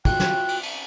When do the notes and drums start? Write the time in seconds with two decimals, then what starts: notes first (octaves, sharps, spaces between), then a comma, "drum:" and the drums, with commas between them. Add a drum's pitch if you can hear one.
0.05 F4 F#4 G5 F#6, drum: kick, cymbal
0.20 drum: snare
0.48 drum: cymbal
0.63 drum: cymbal